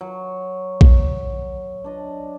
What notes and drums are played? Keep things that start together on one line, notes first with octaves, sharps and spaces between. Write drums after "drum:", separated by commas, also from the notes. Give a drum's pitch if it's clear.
F#3
drum: kick A#1
D4 D5 D#5